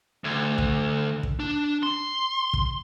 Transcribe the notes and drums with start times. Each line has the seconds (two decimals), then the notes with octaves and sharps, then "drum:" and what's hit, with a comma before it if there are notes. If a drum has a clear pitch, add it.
0.24 D2
0.58 drum: kick
1.23 drum: kick
1.40 D4
1.83 C6
2.53 drum: kick